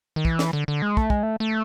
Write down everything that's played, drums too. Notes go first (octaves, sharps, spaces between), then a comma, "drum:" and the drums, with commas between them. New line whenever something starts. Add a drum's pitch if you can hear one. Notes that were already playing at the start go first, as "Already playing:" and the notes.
D#3
E3, drum: kick
drum: snare
D3
D3
G#3
A3, drum: kick
G#3, drum: kick
A3
A3